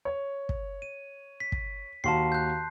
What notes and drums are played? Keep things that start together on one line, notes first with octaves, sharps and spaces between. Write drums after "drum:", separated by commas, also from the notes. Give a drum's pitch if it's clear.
C#5
drum: kick
D#7
B6
drum: kick
D#2 F#4 F5 A5 C6 C7
F#6 G6